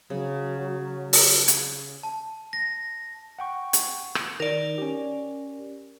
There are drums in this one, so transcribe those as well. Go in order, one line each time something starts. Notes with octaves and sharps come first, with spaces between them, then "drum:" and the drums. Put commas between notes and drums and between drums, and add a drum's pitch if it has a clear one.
C#3 F#3
drum: open hi-hat
drum: hi-hat
A5
A#6
F#5 G5 C#6
drum: hi-hat
drum: rim click
D#3 A#4 D5
C#4 G4